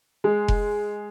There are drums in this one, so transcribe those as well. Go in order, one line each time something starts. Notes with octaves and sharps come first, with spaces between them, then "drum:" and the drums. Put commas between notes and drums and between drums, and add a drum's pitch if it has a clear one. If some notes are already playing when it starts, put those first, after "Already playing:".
G#3
drum: kick F1